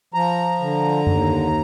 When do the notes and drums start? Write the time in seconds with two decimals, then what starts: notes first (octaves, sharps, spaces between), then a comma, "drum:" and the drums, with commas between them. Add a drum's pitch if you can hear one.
0.14 F3 A#5
0.60 D3
1.07 D#2, drum: tom F#2